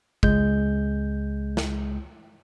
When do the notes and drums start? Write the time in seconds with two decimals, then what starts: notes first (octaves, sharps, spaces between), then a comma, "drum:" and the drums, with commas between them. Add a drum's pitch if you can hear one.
0.23 C#2 G#3 G6, drum: kick
1.57 drum: snare